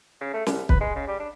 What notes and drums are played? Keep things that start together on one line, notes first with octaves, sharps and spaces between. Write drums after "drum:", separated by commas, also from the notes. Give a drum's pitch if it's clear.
C#3
A3
C2, drum: snare
B4, drum: kick
G#3
C#3
G3
D4